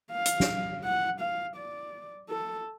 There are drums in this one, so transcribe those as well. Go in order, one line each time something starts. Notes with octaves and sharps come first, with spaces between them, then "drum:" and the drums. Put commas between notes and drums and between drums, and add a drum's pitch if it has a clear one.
F5
drum: hi-hat
drum: snare
F#5
F5
D5
A4